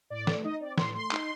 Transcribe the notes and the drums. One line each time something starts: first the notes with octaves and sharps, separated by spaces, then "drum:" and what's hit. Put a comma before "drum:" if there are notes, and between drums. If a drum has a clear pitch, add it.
A2 D5
A3, drum: snare
D#4 D#5
C4 D5
A2 C6, drum: snare
A3 C6
D#4, drum: clap